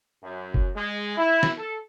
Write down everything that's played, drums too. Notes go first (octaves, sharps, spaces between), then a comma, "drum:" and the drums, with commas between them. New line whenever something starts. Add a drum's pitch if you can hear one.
F#2
drum: kick F#1
G#3
E4
drum: snare
A4